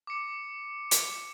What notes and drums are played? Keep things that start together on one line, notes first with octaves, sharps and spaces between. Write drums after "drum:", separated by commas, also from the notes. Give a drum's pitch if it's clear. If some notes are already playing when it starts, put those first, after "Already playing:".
D6 C#7
drum: hi-hat